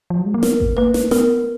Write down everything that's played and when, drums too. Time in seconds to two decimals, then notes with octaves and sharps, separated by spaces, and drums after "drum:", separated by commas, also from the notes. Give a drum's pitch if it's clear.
0.10 F3
0.19 F#3
0.26 G#3
0.34 A#3
0.43 B3 A#4, drum: snare
0.60 drum: kick G#1
0.77 A#3 B4
0.94 drum: snare
1.11 B3 A#4, drum: snare